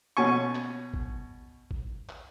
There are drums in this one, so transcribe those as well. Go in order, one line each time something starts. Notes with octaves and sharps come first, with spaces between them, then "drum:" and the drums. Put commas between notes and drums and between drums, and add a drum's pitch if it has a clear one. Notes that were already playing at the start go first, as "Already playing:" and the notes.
B2 C#4 G#5 C#6
drum: clap
drum: kick G#1
drum: kick G#1
drum: clap